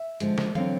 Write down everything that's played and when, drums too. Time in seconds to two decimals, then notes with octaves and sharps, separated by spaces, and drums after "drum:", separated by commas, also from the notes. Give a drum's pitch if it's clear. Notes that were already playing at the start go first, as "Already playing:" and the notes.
Already playing: E5
0.20 D3 F3 G#3, drum: hi-hat
0.38 drum: snare
0.55 D3 F#3 C4 F5, drum: tom E3